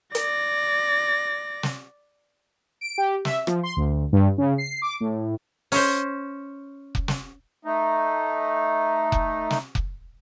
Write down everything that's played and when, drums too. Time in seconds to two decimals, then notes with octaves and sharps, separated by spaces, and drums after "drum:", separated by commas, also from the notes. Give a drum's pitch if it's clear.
0.15 D5 A#6, drum: hi-hat
1.63 drum: snare
2.81 D7
2.98 G4
3.25 E5, drum: snare
3.47 F3, drum: rim click
3.63 C6
3.77 D2
4.12 G2
4.38 C#3
4.58 C7
4.82 D6
5.00 A2
5.72 C#4 C5, drum: open hi-hat
6.95 drum: kick F1
7.08 drum: snare
7.65 A3 D#4
9.12 drum: kick F1
9.51 drum: snare
9.75 drum: kick F1